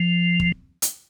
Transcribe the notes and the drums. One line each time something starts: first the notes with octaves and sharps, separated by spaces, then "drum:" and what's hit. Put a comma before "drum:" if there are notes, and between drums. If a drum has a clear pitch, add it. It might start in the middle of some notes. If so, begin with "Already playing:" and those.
Already playing: F3
drum: kick
drum: hi-hat